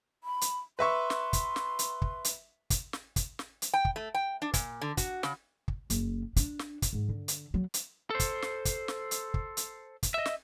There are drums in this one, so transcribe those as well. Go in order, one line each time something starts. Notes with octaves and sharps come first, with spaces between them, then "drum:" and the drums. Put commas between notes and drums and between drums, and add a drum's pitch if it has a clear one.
B5
drum: hi-hat
B4 E5 C6 C#6
drum: snare
drum: kick, hi-hat
drum: snare
drum: hi-hat
drum: kick
drum: hi-hat
drum: kick, hi-hat
drum: snare
drum: kick, hi-hat
drum: snare
drum: hi-hat
G5
drum: kick
A3
G5
D4
A#2, drum: kick, hi-hat
D3
F#4, drum: kick, hi-hat
C#3, drum: snare
drum: kick
F#1, drum: hi-hat
D4, drum: kick, hi-hat
drum: snare
drum: kick, hi-hat
G#2
D3
drum: hi-hat
F#3
drum: hi-hat
A4 C5
drum: kick, hi-hat
drum: snare
drum: kick, hi-hat
drum: snare
drum: hi-hat
drum: kick
drum: hi-hat
drum: kick, hi-hat
D#5 E5
drum: snare